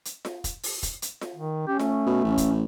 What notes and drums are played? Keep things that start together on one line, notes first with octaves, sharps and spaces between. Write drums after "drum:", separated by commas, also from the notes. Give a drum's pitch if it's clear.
drum: hi-hat
drum: snare F4
drum: kick, hi-hat
drum: open hi-hat
drum: kick, hi-hat
drum: hi-hat
drum: snare F4
D#3
C#4 G4
A3, drum: snare F4
B2
A1
drum: kick, hi-hat